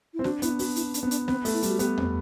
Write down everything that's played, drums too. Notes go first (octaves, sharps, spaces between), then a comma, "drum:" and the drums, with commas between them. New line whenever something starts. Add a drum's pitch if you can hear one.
E4
C4
D4 F#4, drum: snare
B3 E4, drum: hi-hat
B3 F#4, drum: open hi-hat
E4, drum: hi-hat
D4, drum: hi-hat
B3 C4
D4, drum: hi-hat
B3 C4, drum: snare
A3, drum: open hi-hat
E4
G3, drum: hi-hat
F#4
B3 G4, drum: hi-hat
C4, drum: tom E2